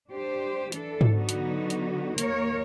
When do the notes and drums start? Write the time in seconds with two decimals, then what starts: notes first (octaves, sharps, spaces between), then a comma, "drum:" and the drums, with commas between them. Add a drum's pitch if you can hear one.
0.11 D4 G4 C5
0.72 E3 D4 A4, drum: hi-hat
1.01 drum: tom G#2
1.13 D3 F#3 B3 D#4 F#4
1.29 drum: hi-hat
1.70 drum: hi-hat
2.18 D#2 A#3 A#4 C#5, drum: hi-hat